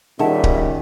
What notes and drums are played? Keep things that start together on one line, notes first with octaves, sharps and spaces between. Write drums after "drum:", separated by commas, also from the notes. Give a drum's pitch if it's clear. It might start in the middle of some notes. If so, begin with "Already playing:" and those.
A#2 D#3 G3 C#4 G#4 E5 F#5 A5
drum: kick D1